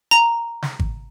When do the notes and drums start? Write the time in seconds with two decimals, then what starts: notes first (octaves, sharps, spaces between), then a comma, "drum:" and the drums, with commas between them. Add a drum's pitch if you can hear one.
0.11 A#5
0.62 drum: snare
0.79 drum: kick G#1